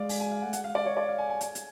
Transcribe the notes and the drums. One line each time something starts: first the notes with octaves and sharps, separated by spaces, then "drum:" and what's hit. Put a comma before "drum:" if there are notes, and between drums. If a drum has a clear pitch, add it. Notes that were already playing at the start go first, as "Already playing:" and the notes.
Already playing: G#3 D5 F5
G#5, drum: open hi-hat
G#5
F5
A3 F#5
G#3 F#5, drum: hi-hat
F5
D5
C#5
D5
F5
G#5
G#5
G#5, drum: hi-hat
drum: hi-hat